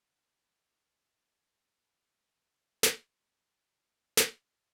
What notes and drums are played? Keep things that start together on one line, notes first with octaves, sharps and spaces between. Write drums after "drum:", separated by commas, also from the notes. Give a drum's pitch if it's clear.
C#4 D#5
A#3 G#4 B4 C#5
C4 F4 A4
G3
B2 C#4 F4
drum: snare
G#3 A#3 C#4 G4 B4 D5
drum: snare